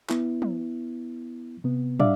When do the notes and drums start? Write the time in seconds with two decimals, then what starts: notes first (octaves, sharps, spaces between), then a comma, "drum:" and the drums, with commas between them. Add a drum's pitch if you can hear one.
0.10 B3 E4, drum: clap
0.42 drum: tom
1.64 C3 B3
2.00 G3 D4 D5 E5 F5, drum: tom